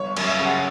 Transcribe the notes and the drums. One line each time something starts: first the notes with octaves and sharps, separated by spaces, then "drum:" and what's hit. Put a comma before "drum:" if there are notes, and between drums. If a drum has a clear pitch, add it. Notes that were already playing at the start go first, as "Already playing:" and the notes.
Already playing: G1 C#5
F#2, drum: cymbal
E5
C#3
F#5